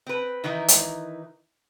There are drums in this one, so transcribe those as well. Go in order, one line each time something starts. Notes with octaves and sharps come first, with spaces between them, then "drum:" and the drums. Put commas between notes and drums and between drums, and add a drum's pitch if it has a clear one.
C4 B4
D#3 E3 D#4 E4
drum: hi-hat